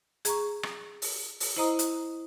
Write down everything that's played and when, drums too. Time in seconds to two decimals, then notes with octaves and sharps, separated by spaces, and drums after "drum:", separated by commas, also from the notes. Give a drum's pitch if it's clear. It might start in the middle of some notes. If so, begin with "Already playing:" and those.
0.25 G#4 A#5 C#6, drum: hi-hat
0.63 drum: rim click
1.02 drum: open hi-hat
1.40 drum: open hi-hat
1.57 E4 C5 D#5 A#5 D#6
1.79 drum: hi-hat